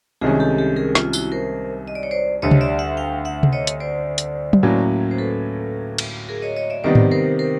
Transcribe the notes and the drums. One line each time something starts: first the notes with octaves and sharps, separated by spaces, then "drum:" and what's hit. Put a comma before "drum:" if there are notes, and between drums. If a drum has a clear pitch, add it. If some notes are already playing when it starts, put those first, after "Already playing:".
C2 C3 D#3 G#3 C#4 F#4 G#4
G4 A4
G4 A4
G#4 A#4
F4, drum: snare
E4 F#4, drum: tambourine
A#4 C5
D#5
D5
C#5
C5 D5
D2 D3 G3 C#5 D#5
drum: tom C3
D5 E5
E5 F#5
F5 G5
E5 F#5
drum: tom C3
C#5 D#5
drum: hi-hat
C5 D5
drum: hi-hat
drum: tom F#3
A2 F#3 A#3 C#4
C5
A4 B4
drum: cymbal
G#4 A#4
C#5 D#5
C#5 D#5
D5 E5
C3 D#3 G3 B3 D#4 C5 D5
drum: tom G#2
A#4 C5
A#4 C5